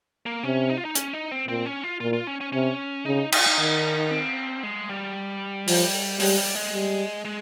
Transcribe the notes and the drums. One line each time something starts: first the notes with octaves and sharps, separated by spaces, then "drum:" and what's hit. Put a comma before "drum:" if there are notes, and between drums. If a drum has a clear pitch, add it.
A#3
C3 C#4
D#4
F4
D#4
C#4, drum: hi-hat
D#4
C4
A#2 C4
C#4
F4
A#2 F4
F4
C#4
C#4
C3 C#4
C#3 D#4
D#4, drum: cymbal
F4
D#4
D#3
C4
G#3
G3
F3, drum: open hi-hat
G3 G#3, drum: open hi-hat
G3
G#3
G3
G#3